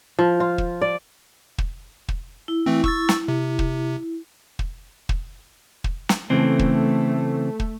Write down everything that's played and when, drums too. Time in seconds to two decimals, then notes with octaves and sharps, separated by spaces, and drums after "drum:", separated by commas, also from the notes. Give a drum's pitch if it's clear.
0.19 F3
0.40 F4
0.58 drum: kick
0.82 D5
1.58 drum: kick
2.08 drum: kick
2.48 E4
2.66 E3 A3 C4
2.84 C#6 E6 A6, drum: kick
3.09 drum: snare
3.28 C3
3.59 drum: kick
4.59 drum: kick
5.09 drum: kick
5.84 drum: kick
6.09 drum: snare
6.30 C#3 E3 A3 C4
6.59 drum: kick
7.60 drum: kick